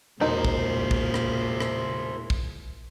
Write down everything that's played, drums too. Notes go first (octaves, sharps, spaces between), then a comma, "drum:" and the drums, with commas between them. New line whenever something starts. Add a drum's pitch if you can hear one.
E1 A#2 C#3 D#4 E4 A#4 C5
drum: kick
drum: kick
drum: rim click
drum: rim click
drum: kick